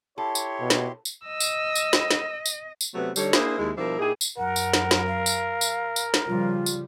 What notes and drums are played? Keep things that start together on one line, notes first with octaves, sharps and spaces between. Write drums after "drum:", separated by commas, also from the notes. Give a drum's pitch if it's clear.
E4 G4 A4 C#5 C6
drum: tambourine
B2
drum: snare
drum: tambourine
D#5 E6
drum: tambourine
drum: tambourine
drum: snare
drum: snare
drum: tambourine
drum: tambourine
C3 F#3 A3 B3 C4 B4
D3 G3 D#4 A4 C#5, drum: tambourine
A#3 D4 E4 G#4 C5, drum: snare
D#2 G#3 E4
B2 F3 G3 D4 E4 A#4
A#2 D#4 E4 G4 G#4
drum: tambourine
F#2 A#4 F#5
drum: tambourine
drum: snare
drum: snare
F5
drum: tambourine
drum: tambourine
drum: tambourine
drum: snare
C#3 F3 G3 F4
drum: tambourine